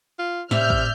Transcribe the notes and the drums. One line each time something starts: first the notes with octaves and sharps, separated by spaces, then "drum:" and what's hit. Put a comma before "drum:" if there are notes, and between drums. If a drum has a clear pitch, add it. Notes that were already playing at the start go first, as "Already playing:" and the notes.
F4
A2 C3 D5 E5 F6 G6, drum: snare
drum: kick